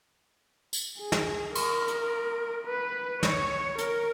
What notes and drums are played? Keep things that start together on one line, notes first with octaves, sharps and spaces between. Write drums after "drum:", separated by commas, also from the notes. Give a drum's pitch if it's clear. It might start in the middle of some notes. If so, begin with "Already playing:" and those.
drum: tambourine
G#4
drum: snare
A#4, drum: cymbal
drum: hi-hat
B4
C#5, drum: snare
A#4, drum: hi-hat